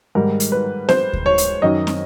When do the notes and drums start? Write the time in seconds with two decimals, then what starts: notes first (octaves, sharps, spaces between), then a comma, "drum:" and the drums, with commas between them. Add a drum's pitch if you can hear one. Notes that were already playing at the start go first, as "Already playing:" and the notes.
0.15 G#2 D#3 G3 A#4
0.40 drum: hi-hat
0.52 B4
0.89 C5, drum: snare
1.13 drum: kick D2
1.26 C#5
1.38 drum: hi-hat
1.62 F#2 D#3 F#3 D#5
1.87 drum: snare